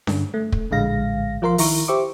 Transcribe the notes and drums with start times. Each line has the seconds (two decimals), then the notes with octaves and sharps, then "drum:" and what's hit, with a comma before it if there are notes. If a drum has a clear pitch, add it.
0.07 G2 D3, drum: snare C#4
0.34 A3
0.52 drum: kick
0.71 A#1 A2 D3 G#3 F5 A#6
1.42 F3 F4 A#4 F5 C6
1.58 D#3 E4 A#5 C#6, drum: open hi-hat
1.88 G4 C5 E5 C#6 D6